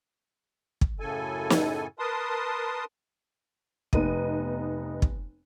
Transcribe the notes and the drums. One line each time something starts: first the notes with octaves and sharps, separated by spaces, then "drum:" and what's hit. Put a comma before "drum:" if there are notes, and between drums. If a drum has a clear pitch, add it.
drum: kick
F#2 A2 C#3 A4 G#5
drum: snare
A#4 B4 A5 C6 D#6
F1 B3 D#4 D#7, drum: kick
drum: kick